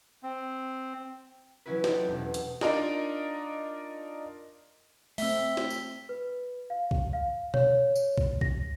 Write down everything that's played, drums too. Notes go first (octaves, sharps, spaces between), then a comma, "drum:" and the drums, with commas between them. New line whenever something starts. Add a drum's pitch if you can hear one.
C4
E3 F#3 C#4 E4 F#4 B4
C4 D#4 E4 F#4 G4 A4, drum: snare
E1 B2
drum: hi-hat
D4 D#4 F4 A#4 D5 D#5, drum: snare
A3 C4 E5 E6 B6 G7, drum: open hi-hat
drum: snare
drum: tambourine
B4
F5
drum: kick B1
F5
C#5, drum: tom B2
drum: tambourine
drum: kick B1
A#6, drum: kick B1